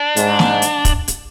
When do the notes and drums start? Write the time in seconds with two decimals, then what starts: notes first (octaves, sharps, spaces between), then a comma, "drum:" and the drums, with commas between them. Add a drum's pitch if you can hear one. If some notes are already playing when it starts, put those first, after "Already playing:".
Already playing: D4
0.16 G#2, drum: hi-hat
0.39 drum: snare
0.62 drum: hi-hat
0.85 drum: kick, hi-hat
1.08 drum: hi-hat